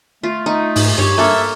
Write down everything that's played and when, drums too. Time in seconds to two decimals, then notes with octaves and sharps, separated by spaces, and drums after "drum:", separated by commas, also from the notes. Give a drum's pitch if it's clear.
0.23 A3 F4
0.46 A3 D#4
0.76 G#2, drum: open hi-hat
0.98 G2 G4 C#5
1.18 A#3 A4 E5